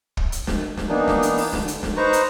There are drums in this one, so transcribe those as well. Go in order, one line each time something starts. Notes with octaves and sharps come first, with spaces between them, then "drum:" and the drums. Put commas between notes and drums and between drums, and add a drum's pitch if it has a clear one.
drum: kick
drum: hi-hat
drum: snare
drum: snare
E3 A#3 B3 D4 D#4
drum: snare
drum: hi-hat
drum: open hi-hat
D3, drum: snare
drum: hi-hat
drum: snare
D#4 B4 C5 A#5 C#6
drum: hi-hat